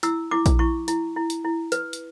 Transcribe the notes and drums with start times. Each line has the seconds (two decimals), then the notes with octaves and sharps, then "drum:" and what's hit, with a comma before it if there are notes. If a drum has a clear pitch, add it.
0.03 E4 E6, drum: hi-hat
0.31 E4 D6
0.46 drum: kick A#1, hi-hat
0.59 E4 C#6
0.88 E4, drum: hi-hat
1.16 E4
1.30 drum: hi-hat
1.44 E4
1.72 B4, drum: hi-hat
1.93 drum: hi-hat